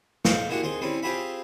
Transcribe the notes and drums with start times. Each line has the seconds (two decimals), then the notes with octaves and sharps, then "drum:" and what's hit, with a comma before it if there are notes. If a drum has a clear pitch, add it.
0.25 B1 C5 D5 F5 G5 C#6, drum: snare
0.49 G#3 A#3 D4 E4 F#4 G4
0.63 D#2 C4 G#4 C6
0.81 G3 C4 C#4 E4
1.03 C4 F4 G4 G#4 E5 B5